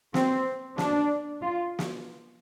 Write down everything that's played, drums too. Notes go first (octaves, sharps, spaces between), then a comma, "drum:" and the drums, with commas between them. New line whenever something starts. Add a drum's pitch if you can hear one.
C4, drum: snare
D4, drum: snare
F4
drum: snare